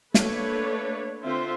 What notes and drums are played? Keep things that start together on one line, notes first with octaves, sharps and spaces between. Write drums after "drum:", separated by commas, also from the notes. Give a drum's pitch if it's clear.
A3 A#3 D4 B4 C#5, drum: snare
D3 C4 F4 C5 E5